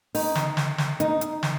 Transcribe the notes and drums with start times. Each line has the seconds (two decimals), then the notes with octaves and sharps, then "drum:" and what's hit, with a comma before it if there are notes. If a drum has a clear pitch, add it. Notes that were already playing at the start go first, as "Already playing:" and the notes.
0.15 D#4, drum: open hi-hat
0.35 drum: snare
0.57 drum: snare
0.78 drum: snare
1.00 D#4, drum: hi-hat
1.21 drum: hi-hat
1.43 drum: snare